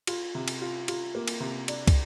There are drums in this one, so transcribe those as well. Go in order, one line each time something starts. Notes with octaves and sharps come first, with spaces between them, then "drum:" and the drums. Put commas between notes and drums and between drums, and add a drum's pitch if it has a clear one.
F4, drum: cymbal
C3
drum: cymbal
F4
F4, drum: cymbal
A#3
drum: cymbal
C3
D4, drum: cymbal
drum: kick, cymbal